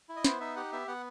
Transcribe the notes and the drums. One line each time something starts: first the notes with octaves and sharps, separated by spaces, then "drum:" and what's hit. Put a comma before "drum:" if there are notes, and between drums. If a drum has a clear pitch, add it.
E4
D#5
B3 C5, drum: snare
D#4 E5
G4 F#5
B3 E5
B3 F#5